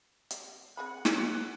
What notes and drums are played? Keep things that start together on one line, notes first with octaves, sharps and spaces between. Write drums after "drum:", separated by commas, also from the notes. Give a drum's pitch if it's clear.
drum: hi-hat
C4 G#4 F#5 B5
E5, drum: snare